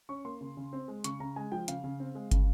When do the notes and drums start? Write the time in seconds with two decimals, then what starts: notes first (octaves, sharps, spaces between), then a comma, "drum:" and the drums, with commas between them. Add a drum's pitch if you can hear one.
0.09 C#4 C#6
0.25 A#3 C6
0.41 C#3
0.57 C#3
0.73 C4
0.88 G#3
1.04 C#3 C#6, drum: hi-hat
1.20 C#3 A#5
1.36 G#3 G#5
1.52 F3 G5
1.68 C#3 F5, drum: hi-hat
1.84 C#3
2.00 C4
2.15 G#3
2.31 C#3, drum: kick, hi-hat